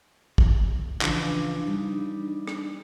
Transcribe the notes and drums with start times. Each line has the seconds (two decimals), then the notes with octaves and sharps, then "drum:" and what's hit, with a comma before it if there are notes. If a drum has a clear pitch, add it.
0.38 drum: kick
1.01 C#3 E3 F3 D4, drum: clap
1.67 G3 D#4
2.47 drum: rim click